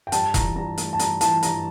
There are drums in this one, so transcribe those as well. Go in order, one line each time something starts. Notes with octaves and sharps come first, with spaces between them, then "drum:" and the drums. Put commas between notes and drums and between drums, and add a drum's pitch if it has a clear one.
G5
G2 A5, drum: hi-hat
E3 A#5, drum: kick E1, hi-hat
G2 A#5
A3, drum: hi-hat
A5
G2 A#5, drum: hi-hat
E3 A5, drum: hi-hat
G2 A#5, drum: hi-hat